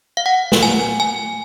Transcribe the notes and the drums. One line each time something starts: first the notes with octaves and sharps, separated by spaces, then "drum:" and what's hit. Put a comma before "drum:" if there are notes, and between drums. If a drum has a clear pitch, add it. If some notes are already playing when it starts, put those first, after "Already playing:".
F5
F#5
drum: snare
G#5
G#5